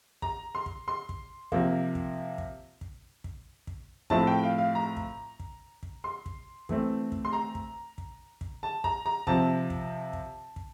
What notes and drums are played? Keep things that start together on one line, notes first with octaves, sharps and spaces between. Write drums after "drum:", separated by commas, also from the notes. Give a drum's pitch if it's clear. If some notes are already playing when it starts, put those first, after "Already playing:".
A#5, drum: kick
C6
drum: kick
C6
drum: kick
C3 F3 A#3, drum: kick
drum: kick
drum: kick
drum: kick
drum: kick
drum: kick
A2 F3 A3 C4 A5, drum: kick
G5
F5
F5
A#5
drum: kick
drum: kick
drum: kick
C6
drum: kick
E3 A3 C4, drum: kick
drum: kick
C6
A#5
drum: kick
drum: kick
drum: kick
A5
A#5, drum: kick
A#5
C3 F3 C4 A5, drum: kick
drum: kick
drum: kick
drum: kick